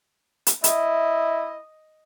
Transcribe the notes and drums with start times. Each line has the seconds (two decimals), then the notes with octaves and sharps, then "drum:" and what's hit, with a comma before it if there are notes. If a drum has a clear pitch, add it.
0.47 drum: hi-hat
0.64 E4 D#5 E5, drum: hi-hat